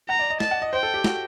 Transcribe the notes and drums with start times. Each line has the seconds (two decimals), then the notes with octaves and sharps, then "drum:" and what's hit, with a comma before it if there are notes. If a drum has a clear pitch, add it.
0.09 F#5 A#5
0.19 D5
0.30 D#5
0.40 D#5 A5, drum: snare
0.51 F#5
0.62 D#5
0.73 C5 G5
0.83 A4
0.94 G4
1.04 F#4, drum: snare